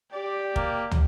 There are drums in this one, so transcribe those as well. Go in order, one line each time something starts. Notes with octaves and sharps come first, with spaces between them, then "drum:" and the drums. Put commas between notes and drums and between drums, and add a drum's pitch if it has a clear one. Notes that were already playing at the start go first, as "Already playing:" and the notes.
G4 D5
A#3, drum: kick
drum: tom